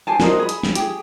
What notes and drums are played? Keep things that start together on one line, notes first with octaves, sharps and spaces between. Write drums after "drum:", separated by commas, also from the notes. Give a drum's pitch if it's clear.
G4 C5 G#5 A5
F#4 A#4 C5 D#5, drum: snare
G#4 B5
drum: hi-hat
drum: snare
G4 G#4, drum: hi-hat